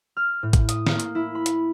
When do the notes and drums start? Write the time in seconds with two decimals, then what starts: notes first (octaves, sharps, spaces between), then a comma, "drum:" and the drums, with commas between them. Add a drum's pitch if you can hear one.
0.17 F6
0.43 A2
0.53 drum: kick, hi-hat
0.69 D#6, drum: hi-hat
0.87 A#3, drum: snare
1.00 drum: hi-hat
1.15 E4
1.35 B5
1.46 drum: hi-hat